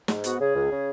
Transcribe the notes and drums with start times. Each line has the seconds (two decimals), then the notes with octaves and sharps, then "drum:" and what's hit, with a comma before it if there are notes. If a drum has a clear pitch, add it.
0.08 G#2, drum: snare
0.24 B3 F#4, drum: hi-hat
0.39 C#3 G#4
0.55 C#2
0.71 C#3